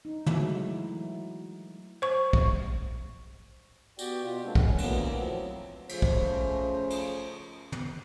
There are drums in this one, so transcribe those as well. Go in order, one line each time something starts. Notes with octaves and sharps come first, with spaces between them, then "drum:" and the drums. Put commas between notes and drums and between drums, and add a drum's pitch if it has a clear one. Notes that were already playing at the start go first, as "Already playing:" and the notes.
D#4
E3 F#3 G#3 A3 E4, drum: tom
C5 C#6
drum: kick
B3 F#4 G4 D5 G5, drum: tambourine
B2 F4 G4
G#3 A#3 C4 D4
C#4 F#5, drum: kick
D2 D3 E3 A#3 B3, drum: cymbal
F3 F#3 C4
C#3 F3 A3 C#4 C5, drum: cymbal
drum: kick
drum: cymbal
drum: tom